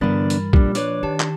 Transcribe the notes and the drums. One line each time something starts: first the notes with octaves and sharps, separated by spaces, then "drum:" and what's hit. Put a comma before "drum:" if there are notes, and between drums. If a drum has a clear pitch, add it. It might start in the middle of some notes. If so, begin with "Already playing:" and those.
G2 D3 E3 B3 D4 A#4 B5 A6
drum: hi-hat
A#2 F3 G3 D4, drum: kick
D4 B4 C#5 D6, drum: hi-hat
D#3 G4 A5
drum: clap